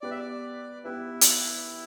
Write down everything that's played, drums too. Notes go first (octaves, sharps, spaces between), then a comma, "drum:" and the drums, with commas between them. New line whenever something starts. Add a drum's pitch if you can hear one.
B3 G4 B4 D5
E5
D5
B3 E4 G4 B4
drum: hi-hat